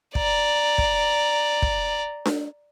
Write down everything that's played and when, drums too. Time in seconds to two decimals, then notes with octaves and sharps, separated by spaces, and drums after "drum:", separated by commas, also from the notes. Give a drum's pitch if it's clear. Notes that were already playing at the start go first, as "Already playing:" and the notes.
0.15 D5 A#5, drum: kick
0.78 drum: kick
1.62 drum: kick
2.26 drum: snare D4